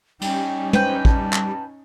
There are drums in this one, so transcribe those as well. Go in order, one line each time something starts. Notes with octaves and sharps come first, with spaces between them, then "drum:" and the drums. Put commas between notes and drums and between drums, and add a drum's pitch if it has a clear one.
G3 C#4 D#4 G5, drum: cymbal
B4 C5 G5, drum: tom
A5, drum: kick
drum: clap